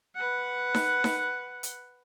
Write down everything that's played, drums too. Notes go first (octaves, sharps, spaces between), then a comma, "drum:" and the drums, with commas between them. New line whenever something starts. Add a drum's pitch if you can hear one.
B4 F#5
drum: snare D#4
drum: snare D#4
drum: hi-hat